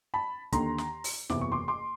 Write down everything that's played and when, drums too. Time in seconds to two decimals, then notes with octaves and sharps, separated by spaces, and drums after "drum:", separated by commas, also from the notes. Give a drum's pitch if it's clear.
0.14 A5 B5
0.52 D#2 D3 A#5 C6, drum: kick, hi-hat
0.78 drum: snare
1.04 drum: open hi-hat
1.29 F#1 E2 C3 E3 D6, drum: snare
1.41 C#6
1.52 C6 D6
1.68 C6 D6